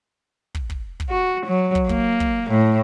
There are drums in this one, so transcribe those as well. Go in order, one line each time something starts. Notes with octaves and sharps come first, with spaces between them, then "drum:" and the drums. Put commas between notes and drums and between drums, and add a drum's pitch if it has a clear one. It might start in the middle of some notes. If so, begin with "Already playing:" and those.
drum: kick
drum: kick
drum: kick
F#4
F#3
drum: kick
A#3, drum: kick
drum: kick
A2